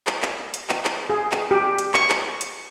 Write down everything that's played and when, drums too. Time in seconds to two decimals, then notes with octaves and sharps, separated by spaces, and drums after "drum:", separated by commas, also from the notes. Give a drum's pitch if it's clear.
0.07 drum: clap
0.23 drum: clap
0.54 drum: hi-hat
0.69 drum: clap
0.85 drum: clap
1.10 G#4
1.32 drum: clap
1.51 G4
1.78 drum: hi-hat
1.94 C#6, drum: clap
2.10 drum: clap
2.41 drum: hi-hat